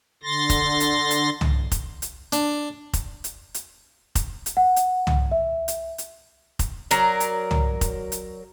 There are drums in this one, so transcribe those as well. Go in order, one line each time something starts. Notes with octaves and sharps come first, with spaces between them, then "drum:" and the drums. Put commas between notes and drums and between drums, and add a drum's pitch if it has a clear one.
D3 C6 A6 A#6
drum: kick F1, hi-hat
drum: hi-hat
drum: hi-hat
drum: tom
drum: kick F1, hi-hat
drum: hi-hat
D4, drum: hi-hat
drum: kick F1, hi-hat
drum: hi-hat
drum: hi-hat
drum: kick F1, hi-hat
drum: hi-hat
F#5
drum: hi-hat
drum: tom
E5
drum: hi-hat
drum: hi-hat
drum: kick F1, hi-hat
F#3 A#4 D5, drum: hi-hat
drum: hi-hat
drum: tom
drum: kick F1, hi-hat
drum: hi-hat